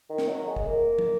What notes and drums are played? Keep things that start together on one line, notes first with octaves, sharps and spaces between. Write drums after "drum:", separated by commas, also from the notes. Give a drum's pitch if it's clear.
D#3
drum: snare
F#3
G#3
drum: kick
A#3
drum: tom